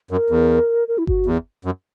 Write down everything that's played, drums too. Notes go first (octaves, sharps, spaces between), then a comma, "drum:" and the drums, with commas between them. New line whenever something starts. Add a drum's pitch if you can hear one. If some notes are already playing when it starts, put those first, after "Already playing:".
F#2 A#4
E2
A#4
E4
F#4, drum: kick G1
E2
F#2